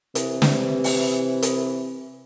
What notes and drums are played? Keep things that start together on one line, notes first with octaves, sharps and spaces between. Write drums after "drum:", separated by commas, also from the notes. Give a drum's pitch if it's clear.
C3 E3, drum: hi-hat
drum: snare
drum: open hi-hat
drum: hi-hat